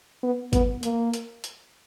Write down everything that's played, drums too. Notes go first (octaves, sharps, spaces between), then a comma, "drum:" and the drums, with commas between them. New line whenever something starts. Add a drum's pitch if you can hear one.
B3
B3, drum: kick, hi-hat
A#3, drum: hi-hat
drum: hi-hat
drum: hi-hat